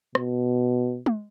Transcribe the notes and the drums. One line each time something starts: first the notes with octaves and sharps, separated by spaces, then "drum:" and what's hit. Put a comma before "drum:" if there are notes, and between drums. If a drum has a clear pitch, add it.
B2, drum: rim click
drum: tom G#3